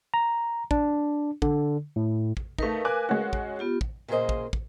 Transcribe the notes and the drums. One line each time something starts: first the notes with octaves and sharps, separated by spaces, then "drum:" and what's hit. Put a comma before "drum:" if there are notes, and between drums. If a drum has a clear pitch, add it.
A#5
D4, drum: kick
D3, drum: kick
A2
drum: kick
A3 D#4 A#4 B4 F5, drum: kick
G#5 D6 F#6
G#3 C#4 F#4
drum: kick
B3 F4 G4
drum: kick
A#2 C#3 A#3 G#4 C5 D#5
drum: kick
drum: kick